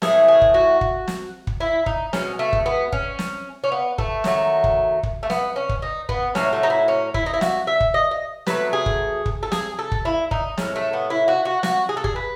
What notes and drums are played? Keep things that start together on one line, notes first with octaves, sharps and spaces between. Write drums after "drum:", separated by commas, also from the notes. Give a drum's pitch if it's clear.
A2 E3 A3 G#4, drum: snare
G#4
drum: kick
F#4
drum: kick
drum: snare
drum: kick
E4
D#4, drum: kick
B2 G#3 C#4, drum: snare
A3
drum: kick
B3
C#4, drum: kick
drum: snare
C#4
B3
A3, drum: kick
D#3 F#3 A3, drum: snare
drum: kick
drum: kick
A3
B3, drum: snare
C#4
drum: kick
D#4
B3, drum: kick
A2 F#3 A3 C#4, drum: snare
A3
D#4
E4
C#4
E4, drum: kick
D#4
E4
F#4, drum: snare
E5
drum: kick
D#5
D#5
B2 F#3 A3 B4, drum: snare
G#4
drum: kick
drum: kick
A4
G#4, drum: snare
A4
drum: kick
E4
D#4, drum: kick
A2 G#3 C#4, drum: snare
A3
B3
E4
F#4
F#4
F#4, drum: snare
G#4
A4
G#4, drum: kick
B4